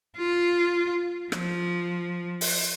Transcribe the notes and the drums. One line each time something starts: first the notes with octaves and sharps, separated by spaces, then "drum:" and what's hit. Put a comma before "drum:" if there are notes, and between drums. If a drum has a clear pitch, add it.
F4
F3, drum: rim click
drum: open hi-hat